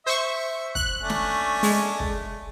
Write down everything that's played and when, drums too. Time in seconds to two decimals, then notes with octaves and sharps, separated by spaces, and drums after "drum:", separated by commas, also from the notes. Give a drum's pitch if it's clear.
0.06 C5 E5 C#6
0.75 F#6, drum: kick
1.00 A3 C#4 D4
1.10 drum: snare
1.63 G#3, drum: open hi-hat
2.00 drum: kick